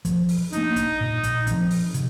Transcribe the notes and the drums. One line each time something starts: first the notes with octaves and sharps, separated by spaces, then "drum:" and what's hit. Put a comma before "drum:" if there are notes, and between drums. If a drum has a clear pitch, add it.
F3, drum: kick, hi-hat
drum: open hi-hat
A#3 D4 D#4, drum: hi-hat
drum: kick, hi-hat
A#2
drum: kick, hi-hat
F3 C4, drum: kick, hi-hat
drum: open hi-hat
C3, drum: hi-hat